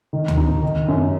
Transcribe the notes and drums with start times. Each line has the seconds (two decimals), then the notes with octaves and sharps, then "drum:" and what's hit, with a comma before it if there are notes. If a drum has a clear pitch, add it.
0.13 D#3
0.28 drum: tom D2
0.38 D#4
0.63 D#3
0.88 F#2